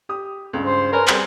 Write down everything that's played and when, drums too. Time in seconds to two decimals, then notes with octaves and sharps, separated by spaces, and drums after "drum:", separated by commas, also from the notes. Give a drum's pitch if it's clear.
0.09 G4 D#6
0.53 C#2 G2
0.66 C5
0.93 A#4 B4 C#5 G#5
1.07 G3 C4 G#4, drum: clap